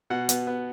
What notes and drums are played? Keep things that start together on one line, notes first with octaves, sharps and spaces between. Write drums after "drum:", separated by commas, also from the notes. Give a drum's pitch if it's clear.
B2 F#5
B3, drum: hi-hat
B3